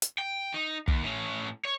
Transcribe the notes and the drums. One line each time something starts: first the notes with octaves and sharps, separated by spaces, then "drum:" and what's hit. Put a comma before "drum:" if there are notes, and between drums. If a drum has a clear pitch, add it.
drum: hi-hat
G5
D#4
D#2, drum: kick
A2 C#4
C#5